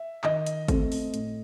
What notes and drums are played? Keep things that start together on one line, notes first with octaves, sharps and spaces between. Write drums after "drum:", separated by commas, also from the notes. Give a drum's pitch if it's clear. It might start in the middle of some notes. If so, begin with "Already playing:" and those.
Already playing: E5
D#3 D#5, drum: clap
drum: hi-hat
A3 C4, drum: kick, hi-hat
drum: open hi-hat
A2, drum: hi-hat